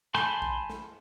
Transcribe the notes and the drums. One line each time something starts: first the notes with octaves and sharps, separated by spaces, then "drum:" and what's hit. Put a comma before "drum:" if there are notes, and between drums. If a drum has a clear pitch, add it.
G#5 A5 B5 C6 G6, drum: snare
drum: kick A#1
drum: snare